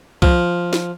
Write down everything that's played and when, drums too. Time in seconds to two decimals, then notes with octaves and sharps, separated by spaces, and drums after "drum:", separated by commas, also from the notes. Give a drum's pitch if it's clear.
0.22 F3, drum: kick C2
0.73 drum: snare